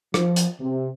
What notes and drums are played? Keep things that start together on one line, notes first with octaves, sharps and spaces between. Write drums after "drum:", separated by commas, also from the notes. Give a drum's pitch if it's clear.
F3, drum: rim click
drum: hi-hat
C3